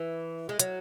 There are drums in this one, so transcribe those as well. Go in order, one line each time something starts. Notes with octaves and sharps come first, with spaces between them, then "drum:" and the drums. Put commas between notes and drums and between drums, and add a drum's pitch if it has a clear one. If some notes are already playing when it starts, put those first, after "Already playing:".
Already playing: E3
G#3
F#3, drum: hi-hat